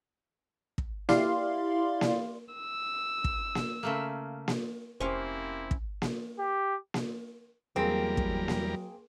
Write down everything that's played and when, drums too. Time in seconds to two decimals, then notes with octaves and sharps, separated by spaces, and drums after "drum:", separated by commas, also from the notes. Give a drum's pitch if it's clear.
0.78 drum: kick
1.09 E4 G4 D5 F5 C6, drum: snare A#3
2.01 drum: snare A#3
2.55 E6
3.24 drum: kick
3.55 drum: snare A#3
3.83 C#3 A3 A#3
4.48 drum: snare A#3
5.00 F1 A#3 C4 C#4 E4 G4 C5 F5
5.71 drum: kick
6.02 drum: snare A#3
6.39 G4
6.94 drum: snare A#3
7.76 E2 F#3 G3 A#3 C4 G#4 A#4
8.17 drum: kick
8.48 drum: snare A#3